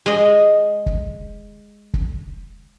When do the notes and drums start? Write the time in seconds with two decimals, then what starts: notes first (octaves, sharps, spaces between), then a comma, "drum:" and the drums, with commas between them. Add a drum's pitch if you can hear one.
0.06 G#3 D#5
0.86 drum: kick
1.94 drum: kick